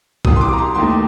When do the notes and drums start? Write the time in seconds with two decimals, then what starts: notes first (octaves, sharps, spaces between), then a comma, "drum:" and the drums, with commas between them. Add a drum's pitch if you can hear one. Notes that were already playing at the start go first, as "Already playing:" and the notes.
0.25 C2 C3 G3 D#6, drum: kick B1
0.36 C6
0.41 D6
0.53 A#5
0.58 C6
0.75 D#2 D#3 A3 C6